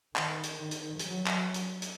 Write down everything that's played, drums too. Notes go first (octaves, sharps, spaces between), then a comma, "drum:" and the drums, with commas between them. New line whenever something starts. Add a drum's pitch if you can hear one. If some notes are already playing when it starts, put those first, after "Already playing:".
D#3, drum: clap
drum: hi-hat
drum: hi-hat
F#3, drum: hi-hat
drum: clap
drum: hi-hat
drum: hi-hat